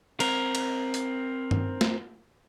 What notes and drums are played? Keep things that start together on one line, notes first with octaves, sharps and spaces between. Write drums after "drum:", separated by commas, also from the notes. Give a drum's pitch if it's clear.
C4 A#4, drum: cymbal
drum: cymbal
drum: hi-hat
drum: tom G2
drum: snare